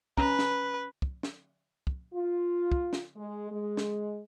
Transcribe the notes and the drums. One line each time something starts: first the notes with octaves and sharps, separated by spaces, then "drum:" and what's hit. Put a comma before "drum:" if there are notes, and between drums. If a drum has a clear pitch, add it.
C#4 B4 A#5, drum: kick
drum: snare
drum: kick
drum: snare
drum: kick
F4
drum: kick
drum: snare
G#3
G#3
drum: snare